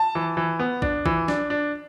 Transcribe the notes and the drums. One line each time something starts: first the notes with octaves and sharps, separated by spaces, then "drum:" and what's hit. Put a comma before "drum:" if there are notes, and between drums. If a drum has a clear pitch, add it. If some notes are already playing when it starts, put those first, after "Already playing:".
Already playing: A5
E3
E3
B3
D4, drum: kick
E3, drum: kick
D4, drum: snare
D4